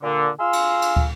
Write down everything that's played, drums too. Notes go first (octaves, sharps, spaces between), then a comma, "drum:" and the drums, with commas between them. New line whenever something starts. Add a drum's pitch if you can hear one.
A#2 D3
F4 G#4 F5 C6 E6
drum: cymbal
drum: cymbal
drum: kick